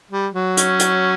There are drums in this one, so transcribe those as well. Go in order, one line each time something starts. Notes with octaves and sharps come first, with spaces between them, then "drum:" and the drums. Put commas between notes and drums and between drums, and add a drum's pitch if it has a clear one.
G3
F#3
C#4, drum: hi-hat
drum: hi-hat